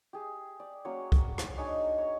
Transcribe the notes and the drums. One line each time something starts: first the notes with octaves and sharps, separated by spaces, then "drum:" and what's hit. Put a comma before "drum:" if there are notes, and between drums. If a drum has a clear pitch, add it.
G4 G#4
D5
F#3 A#3 C#4 C#5
drum: kick C2
drum: rim click
D4 D#4 C#5 G#5
C#5 A#5